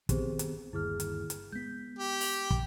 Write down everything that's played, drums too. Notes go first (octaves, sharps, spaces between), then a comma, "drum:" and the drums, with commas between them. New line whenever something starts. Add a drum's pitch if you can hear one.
D#3 B3 C4 G4 G#4 C5, drum: kick, hi-hat
drum: hi-hat
G1 D#2 E4 G#4 F6
drum: hi-hat
drum: hi-hat
G#3 B3 G6 B6
G4
drum: open hi-hat
drum: kick